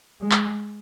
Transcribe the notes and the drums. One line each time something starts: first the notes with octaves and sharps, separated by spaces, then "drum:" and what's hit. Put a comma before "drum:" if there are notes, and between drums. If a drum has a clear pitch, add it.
G#3
drum: clap